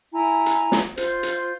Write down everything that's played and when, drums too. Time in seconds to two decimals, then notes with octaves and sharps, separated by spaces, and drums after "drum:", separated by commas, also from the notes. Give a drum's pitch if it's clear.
0.13 E4 G#5 A#5
0.46 drum: hi-hat
0.72 drum: snare
0.97 F4 C5 G6, drum: hi-hat
1.23 drum: hi-hat